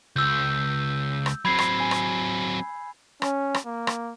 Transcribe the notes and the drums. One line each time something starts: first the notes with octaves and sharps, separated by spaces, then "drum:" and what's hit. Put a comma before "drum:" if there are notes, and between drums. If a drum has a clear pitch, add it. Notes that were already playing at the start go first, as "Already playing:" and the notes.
C#2 E6 G6
drum: rim click
F#3 C4 B5 G#6 C7
drum: rim click
G#5
drum: rim click
C#4, drum: rim click
drum: rim click
A#3
drum: rim click